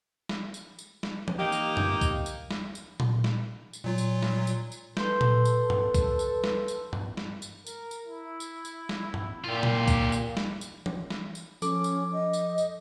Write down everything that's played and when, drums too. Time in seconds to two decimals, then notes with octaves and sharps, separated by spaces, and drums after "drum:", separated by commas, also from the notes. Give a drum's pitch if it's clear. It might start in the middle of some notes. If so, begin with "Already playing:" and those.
0.29 drum: snare
0.54 drum: tambourine
0.79 drum: tambourine
1.03 drum: snare
1.28 drum: tom E3
1.39 A#3 D#4 G4
1.52 drum: tambourine
1.77 drum: tom F#2
2.01 drum: kick B1, tambourine
2.26 drum: tambourine
2.51 drum: snare
2.75 drum: tambourine
3.00 drum: tom A#2
3.24 drum: snare
3.73 drum: tambourine
3.84 A#2 F#3 F4
3.98 drum: tambourine
4.23 drum: snare
4.47 drum: tambourine
4.72 drum: tambourine
4.97 A4 B4 C6 G6, drum: snare
5.21 drum: tom A#2
5.45 drum: tambourine
5.70 drum: tom G2
5.95 drum: kick B1, tambourine
6.19 drum: tambourine
6.44 drum: snare
6.68 drum: tambourine
6.93 drum: tom G2
7.17 drum: snare
7.42 drum: tambourine
7.66 A#4, drum: tambourine
7.91 drum: tambourine
8.07 E4
8.40 drum: tambourine
8.65 drum: tambourine
8.89 drum: snare
9.14 drum: tom G2
9.44 A#2 F4 G4
9.63 drum: tom A#2
9.88 drum: kick B1, tambourine
10.12 drum: tambourine
10.37 drum: snare
10.61 drum: tambourine
10.86 drum: tom E3
11.10 drum: snare
11.35 drum: tambourine
11.62 F3 C#4 A4 D6, drum: tambourine
11.84 drum: tambourine
12.12 D#5
12.33 drum: tambourine
12.58 drum: tambourine